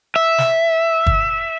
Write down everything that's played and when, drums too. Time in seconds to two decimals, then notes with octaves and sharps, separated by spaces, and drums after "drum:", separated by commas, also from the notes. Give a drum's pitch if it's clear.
0.16 E5
0.38 drum: snare
1.06 drum: kick